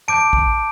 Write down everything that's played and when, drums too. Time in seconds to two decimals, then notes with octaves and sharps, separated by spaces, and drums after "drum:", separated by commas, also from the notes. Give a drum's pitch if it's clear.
0.08 A5 D6 G6 D7
0.33 drum: kick